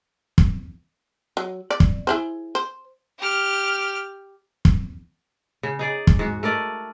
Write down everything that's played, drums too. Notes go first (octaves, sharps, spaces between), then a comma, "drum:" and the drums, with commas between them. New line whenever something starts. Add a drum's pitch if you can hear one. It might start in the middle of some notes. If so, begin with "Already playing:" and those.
drum: kick
F#3
D5
drum: kick
E4 G#4 C5
C5
G4 F6
drum: kick
C#3
D#4 G#4 D5
drum: kick
G#2 F#4
A3 A#4 D5 D#5